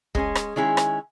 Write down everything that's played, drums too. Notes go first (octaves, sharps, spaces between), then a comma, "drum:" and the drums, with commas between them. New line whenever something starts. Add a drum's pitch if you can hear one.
G#3 C#4 G#4, drum: kick
drum: rim click
D#3 G#3 C#4 E4 G#4
drum: rim click